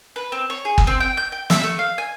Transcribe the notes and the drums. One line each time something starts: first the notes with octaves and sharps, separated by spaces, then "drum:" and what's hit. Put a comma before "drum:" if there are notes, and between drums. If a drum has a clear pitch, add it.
B4
C4
C#5
G#4
drum: kick
C4
G5
G6
G5
E5, drum: snare
A3
F5
G#5